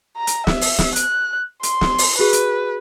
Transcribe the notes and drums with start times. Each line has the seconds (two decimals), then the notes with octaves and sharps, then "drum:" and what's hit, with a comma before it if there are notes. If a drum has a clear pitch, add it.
0.17 A#5
0.27 drum: hi-hat
0.47 E5, drum: snare
0.61 drum: open hi-hat
0.79 drum: snare
0.96 F#6, drum: hi-hat
1.63 C6, drum: hi-hat
1.81 drum: snare
1.98 drum: open hi-hat
2.19 F#4 G#4 B4
2.33 drum: hi-hat